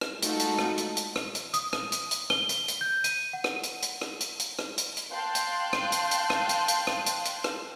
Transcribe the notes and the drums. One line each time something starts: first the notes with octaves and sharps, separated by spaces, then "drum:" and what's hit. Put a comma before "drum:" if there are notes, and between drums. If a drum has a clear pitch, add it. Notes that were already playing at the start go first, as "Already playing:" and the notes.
drum: rim click
G#3 A3 D#4 F4 F#4 A4, drum: hi-hat
drum: hi-hat
drum: rim click
drum: hi-hat
drum: hi-hat
drum: rim click
drum: hi-hat
D#6, drum: hi-hat
drum: rim click
drum: hi-hat
drum: hi-hat
G7, drum: rim click
drum: hi-hat
drum: hi-hat
G6
D#7, drum: hi-hat
F#5
drum: rim click
drum: hi-hat
drum: hi-hat
drum: rim click
drum: hi-hat
drum: hi-hat
drum: rim click
drum: hi-hat
drum: hi-hat
F5 G5 A5 C6 F#6 G6
drum: hi-hat
drum: rim click
drum: hi-hat
drum: hi-hat
drum: rim click
drum: hi-hat
drum: hi-hat
drum: rim click
drum: hi-hat
drum: hi-hat
drum: rim click